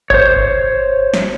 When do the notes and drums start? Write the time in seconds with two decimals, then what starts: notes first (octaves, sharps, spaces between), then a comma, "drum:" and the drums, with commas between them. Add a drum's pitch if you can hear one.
0.10 C5 C#5, drum: kick G1
0.36 drum: kick G1
1.14 drum: snare